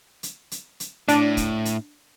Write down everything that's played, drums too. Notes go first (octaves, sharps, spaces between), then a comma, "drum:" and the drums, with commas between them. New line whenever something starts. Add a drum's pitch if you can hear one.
drum: hi-hat
drum: hi-hat
drum: hi-hat
A2 D4, drum: hi-hat
drum: kick, hi-hat
drum: hi-hat